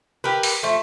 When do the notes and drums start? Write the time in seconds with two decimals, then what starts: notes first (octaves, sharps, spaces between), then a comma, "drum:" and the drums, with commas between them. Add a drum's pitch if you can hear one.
0.24 G4 A#4 B4
0.43 drum: open hi-hat
0.63 F3 A3